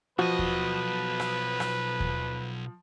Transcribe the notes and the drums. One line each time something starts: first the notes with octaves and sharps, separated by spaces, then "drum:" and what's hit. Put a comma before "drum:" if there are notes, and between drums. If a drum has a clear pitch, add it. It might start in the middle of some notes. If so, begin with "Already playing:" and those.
B1 F3 F#4 B4 D#5
drum: kick D#2
drum: rim click
drum: rim click
drum: kick D#2